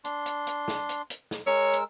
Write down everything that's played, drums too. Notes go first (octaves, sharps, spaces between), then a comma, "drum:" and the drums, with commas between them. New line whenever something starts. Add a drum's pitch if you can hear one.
D4 C6, drum: hi-hat
drum: hi-hat
drum: hi-hat
drum: snare
drum: hi-hat
drum: hi-hat
drum: snare
G#3 A#4 C#5 E6
drum: hi-hat